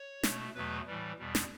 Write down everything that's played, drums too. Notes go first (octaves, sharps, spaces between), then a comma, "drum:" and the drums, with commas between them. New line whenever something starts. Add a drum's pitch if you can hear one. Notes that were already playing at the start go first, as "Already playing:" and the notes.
Already playing: C#5
B2 A3, drum: snare
E2 B2 F#3 A3 B4
A2 E3 G3
E2 B2 G3
drum: snare